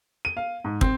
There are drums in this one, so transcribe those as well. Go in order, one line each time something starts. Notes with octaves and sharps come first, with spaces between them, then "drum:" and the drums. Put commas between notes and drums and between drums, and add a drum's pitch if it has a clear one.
D#7
F5
G#2
C4, drum: kick